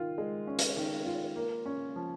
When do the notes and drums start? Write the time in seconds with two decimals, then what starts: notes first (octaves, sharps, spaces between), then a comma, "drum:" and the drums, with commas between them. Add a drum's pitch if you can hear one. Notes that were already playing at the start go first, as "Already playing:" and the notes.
Already playing: D#3 F4
0.18 G#3
0.47 C#4
0.59 drum: hi-hat
0.77 D#3
1.06 F4
1.36 A#3
1.66 C#4
1.96 F3